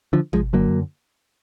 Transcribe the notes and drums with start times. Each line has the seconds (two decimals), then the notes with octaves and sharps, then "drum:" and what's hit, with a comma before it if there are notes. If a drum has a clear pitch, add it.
0.13 D3 F3
0.33 F3 G#3, drum: tom
0.53 F#2 D3 F#3 A#3